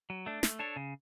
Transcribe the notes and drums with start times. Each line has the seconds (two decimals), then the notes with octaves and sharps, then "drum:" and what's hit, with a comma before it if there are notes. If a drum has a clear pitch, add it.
0.10 F#3
0.26 A3 D4
0.43 A3, drum: snare
0.59 D4 A4 C#5
0.76 C#3